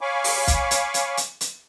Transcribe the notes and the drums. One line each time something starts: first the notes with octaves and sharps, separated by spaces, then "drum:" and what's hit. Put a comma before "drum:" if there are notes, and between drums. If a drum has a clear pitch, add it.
C#5 F5 G#5 B5 C#6 D6
drum: open hi-hat
drum: kick, hi-hat
drum: hi-hat
drum: hi-hat
drum: hi-hat
drum: hi-hat